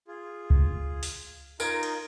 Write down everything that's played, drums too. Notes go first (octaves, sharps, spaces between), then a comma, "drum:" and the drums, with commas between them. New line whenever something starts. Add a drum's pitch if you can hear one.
F4 G#4
drum: kick C#2
drum: open hi-hat
D#4 F4 A#4 D#5 G#6 D7, drum: tambourine
drum: cymbal